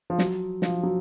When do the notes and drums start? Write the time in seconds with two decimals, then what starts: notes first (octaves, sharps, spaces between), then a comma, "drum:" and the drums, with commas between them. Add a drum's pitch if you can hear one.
0.10 F3
0.19 F#3, drum: snare
0.62 F3, drum: snare
0.83 F#3